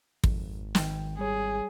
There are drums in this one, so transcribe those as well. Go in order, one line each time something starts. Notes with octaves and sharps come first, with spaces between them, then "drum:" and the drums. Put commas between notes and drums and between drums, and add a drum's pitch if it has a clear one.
G#1 F2, drum: kick
D#3 G5, drum: snare
G3 G#4 C#5